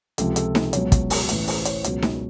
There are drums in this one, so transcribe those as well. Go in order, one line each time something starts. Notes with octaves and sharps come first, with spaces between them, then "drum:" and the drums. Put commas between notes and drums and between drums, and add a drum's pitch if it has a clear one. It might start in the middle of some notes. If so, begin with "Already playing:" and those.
C#2 C3 F3 A4, drum: hi-hat
A4, drum: hi-hat
drum: snare D#4
C#2 B2 F#3 C#5, drum: hi-hat
drum: kick, hi-hat
drum: open hi-hat
A1 A2 E3 B4, drum: hi-hat
C5, drum: open hi-hat
C#5, drum: hi-hat
C#2 B2 F#3, drum: hi-hat
drum: snare D#4